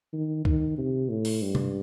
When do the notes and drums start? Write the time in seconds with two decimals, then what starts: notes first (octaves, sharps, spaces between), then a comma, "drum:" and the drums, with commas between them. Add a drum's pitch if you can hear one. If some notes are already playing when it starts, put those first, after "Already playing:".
0.13 D#3
0.45 D#3, drum: kick
0.78 C3
1.10 A2
1.25 drum: open hi-hat
1.42 G2
1.55 drum: tom C3